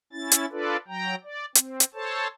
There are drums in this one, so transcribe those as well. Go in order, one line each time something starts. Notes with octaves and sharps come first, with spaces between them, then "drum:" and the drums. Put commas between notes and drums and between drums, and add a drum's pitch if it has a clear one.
C#4 E4 A6
drum: hi-hat
D4 F4 A4 B4 D5
F#3 G5 A#5
D5
C4, drum: hi-hat
drum: hi-hat
A4 C5 C#5 A5